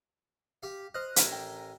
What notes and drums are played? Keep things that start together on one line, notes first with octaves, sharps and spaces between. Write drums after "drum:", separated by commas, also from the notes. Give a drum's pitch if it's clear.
G4 F5
C5 D#5 F6 F#6
A1 A#4 G#5, drum: hi-hat
G5